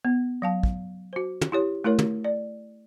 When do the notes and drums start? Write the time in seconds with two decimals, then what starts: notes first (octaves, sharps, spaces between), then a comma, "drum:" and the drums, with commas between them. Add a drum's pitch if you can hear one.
0.05 B3
0.42 F#3 F5 A5
0.63 drum: kick
1.13 F#4 C5
1.41 drum: tom
1.52 E4 G4 C#5
1.84 A3 E4 A#4 C#5
1.99 drum: tom
2.25 D5